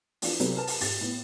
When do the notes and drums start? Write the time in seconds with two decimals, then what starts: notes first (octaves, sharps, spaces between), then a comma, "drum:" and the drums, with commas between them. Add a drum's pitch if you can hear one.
0.22 E3 F3 D4 F4, drum: open hi-hat
0.40 C3 F#3 G4 A4 B4, drum: hi-hat
0.57 A#4 B4 A5
0.67 drum: open hi-hat
0.80 G#1 G4 A6, drum: open hi-hat
1.01 A2 B3